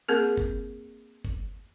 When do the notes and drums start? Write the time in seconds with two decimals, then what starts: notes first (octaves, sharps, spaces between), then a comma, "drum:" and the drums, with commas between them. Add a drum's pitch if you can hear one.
0.08 A#3 C4 G#4 A#4
0.37 drum: kick
1.25 drum: kick